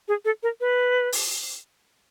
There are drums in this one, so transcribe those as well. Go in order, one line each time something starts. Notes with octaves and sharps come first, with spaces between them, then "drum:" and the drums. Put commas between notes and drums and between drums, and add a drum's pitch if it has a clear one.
G#4
A4
A#4
B4
drum: open hi-hat